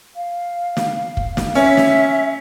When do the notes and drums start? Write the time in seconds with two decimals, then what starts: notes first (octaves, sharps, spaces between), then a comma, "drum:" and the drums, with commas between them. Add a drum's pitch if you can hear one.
0.16 F5
0.77 drum: snare
1.17 drum: kick
1.37 drum: snare
1.55 C#4 E5
1.77 drum: snare